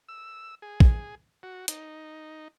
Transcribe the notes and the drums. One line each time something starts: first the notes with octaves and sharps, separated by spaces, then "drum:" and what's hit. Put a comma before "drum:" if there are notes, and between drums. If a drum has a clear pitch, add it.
E6
G#4
drum: kick
F#4
D#4, drum: hi-hat